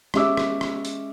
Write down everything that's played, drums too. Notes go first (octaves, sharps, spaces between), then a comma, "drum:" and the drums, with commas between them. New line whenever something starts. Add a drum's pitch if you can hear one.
G#3 C#4 G4 E5 D6 E6, drum: rim click
drum: rim click
drum: rim click
drum: hi-hat